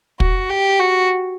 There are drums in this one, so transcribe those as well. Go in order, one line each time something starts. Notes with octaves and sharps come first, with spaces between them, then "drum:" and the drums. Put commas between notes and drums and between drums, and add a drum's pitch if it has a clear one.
F#4, drum: kick
G4
F#4